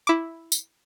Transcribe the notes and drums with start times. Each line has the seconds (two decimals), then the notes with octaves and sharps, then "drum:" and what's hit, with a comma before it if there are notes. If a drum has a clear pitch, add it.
0.07 E4 D6
0.52 drum: tambourine